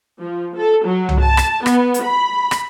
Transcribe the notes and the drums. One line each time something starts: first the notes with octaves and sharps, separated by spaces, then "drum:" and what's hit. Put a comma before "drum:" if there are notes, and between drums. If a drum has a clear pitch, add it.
F3
A4
F#3
drum: tom C2
A5
drum: rim click
B3, drum: rim click
drum: hi-hat
B5
drum: rim click